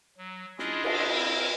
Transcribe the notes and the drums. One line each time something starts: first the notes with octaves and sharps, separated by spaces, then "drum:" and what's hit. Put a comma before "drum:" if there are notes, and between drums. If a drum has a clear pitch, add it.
F#3
C#4 D4 E4 F4 G#4 D#5, drum: snare
drum: cymbal
C4 E4 A#4 D#5